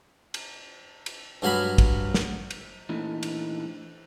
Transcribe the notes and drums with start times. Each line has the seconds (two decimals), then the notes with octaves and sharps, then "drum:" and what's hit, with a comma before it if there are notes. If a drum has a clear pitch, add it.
0.34 drum: cymbal
1.06 drum: cymbal
1.42 G2 F#3 F5 G#5 B5
1.78 drum: kick, cymbal
2.14 drum: snare
2.51 drum: cymbal
2.89 A#2 E3 A3 D4 D#4
3.23 drum: cymbal